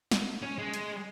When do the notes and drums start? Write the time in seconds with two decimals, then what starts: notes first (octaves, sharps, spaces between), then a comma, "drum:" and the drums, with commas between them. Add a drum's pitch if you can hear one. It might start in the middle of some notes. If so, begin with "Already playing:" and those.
0.11 drum: snare
0.42 C#4
0.58 G#3
0.74 drum: hi-hat